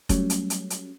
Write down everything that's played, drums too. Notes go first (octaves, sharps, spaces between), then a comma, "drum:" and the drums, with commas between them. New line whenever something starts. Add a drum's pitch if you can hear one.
F#3 G3 A3 C#4, drum: kick F1, hi-hat
drum: hi-hat
drum: hi-hat
drum: hi-hat